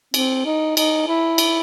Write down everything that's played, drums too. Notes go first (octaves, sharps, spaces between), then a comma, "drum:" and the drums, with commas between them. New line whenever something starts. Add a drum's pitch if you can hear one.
C4, drum: cymbal
D#4
D#4, drum: cymbal
E4
drum: cymbal